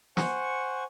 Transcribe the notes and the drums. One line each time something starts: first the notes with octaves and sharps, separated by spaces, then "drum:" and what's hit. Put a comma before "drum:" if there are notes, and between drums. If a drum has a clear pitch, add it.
C5 F#5 G#5 C#6, drum: snare